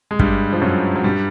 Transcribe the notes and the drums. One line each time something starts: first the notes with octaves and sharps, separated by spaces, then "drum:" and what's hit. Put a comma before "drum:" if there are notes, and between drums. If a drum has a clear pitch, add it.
G#3
G2 G3, drum: kick
F3
F#2 F#3
F#3
G2 G3